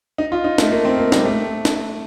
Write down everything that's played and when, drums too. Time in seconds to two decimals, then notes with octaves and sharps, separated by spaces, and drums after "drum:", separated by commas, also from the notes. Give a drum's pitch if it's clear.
0.18 D#4
0.32 F4
0.44 D#4
0.58 A3, drum: snare
0.72 A#3
0.85 C4
0.98 A#3
1.12 G3, drum: snare
1.26 A3
1.65 drum: snare